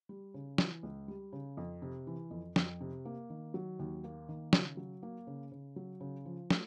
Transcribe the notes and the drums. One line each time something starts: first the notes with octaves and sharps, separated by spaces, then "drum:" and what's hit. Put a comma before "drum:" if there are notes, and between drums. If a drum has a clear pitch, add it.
G3
C#3
E3, drum: snare
C#2
G3
C#3
F2
C3
E3
F2
F2, drum: snare
C3
A#3
D#3
F#3
D#2
A#3
D#3
C#3, drum: snare
F#3
A#3
C#3
C#3
F#3
C#3
F3
A3, drum: snare